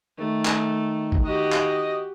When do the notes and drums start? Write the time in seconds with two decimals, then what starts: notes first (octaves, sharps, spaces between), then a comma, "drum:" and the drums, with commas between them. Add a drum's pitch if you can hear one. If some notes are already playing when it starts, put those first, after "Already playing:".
0.18 D#3 A3
0.45 drum: clap
1.12 drum: kick G1
1.25 F#4 G4 D#5
1.52 drum: clap